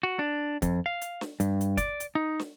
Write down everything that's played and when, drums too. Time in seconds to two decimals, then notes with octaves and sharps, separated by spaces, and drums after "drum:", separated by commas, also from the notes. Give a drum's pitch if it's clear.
0.03 F#4
0.19 D4
0.62 F2, drum: kick, hi-hat
0.86 F5
1.01 drum: hi-hat
1.21 drum: snare
1.40 G2, drum: hi-hat
1.61 drum: hi-hat
1.77 D5, drum: kick, hi-hat
2.00 drum: hi-hat
2.15 D#4
2.39 drum: snare